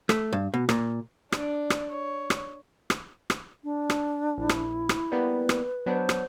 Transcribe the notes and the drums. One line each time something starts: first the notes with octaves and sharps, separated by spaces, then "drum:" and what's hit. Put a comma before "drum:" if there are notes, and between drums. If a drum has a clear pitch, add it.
A3, drum: rim click
G2
B2
A#2, drum: rim click
D4 D5, drum: rim click
drum: rim click
C#5
drum: rim click
drum: rim click
drum: rim click
D4
drum: rim click
A#1 E4
drum: rim click
drum: rim click
G3 A#3 B3 B4
drum: rim click
F#3 B3 D4 C5
drum: rim click